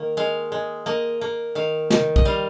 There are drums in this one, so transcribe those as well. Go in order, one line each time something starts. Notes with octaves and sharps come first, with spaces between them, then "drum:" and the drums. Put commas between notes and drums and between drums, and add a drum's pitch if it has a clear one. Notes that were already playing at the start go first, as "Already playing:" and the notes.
Already playing: D#3 A#3
G#3 F5
G#3
A#3 D#5
A#3
D#3 F5
D#3, drum: snare
D#5, drum: kick
G3 F5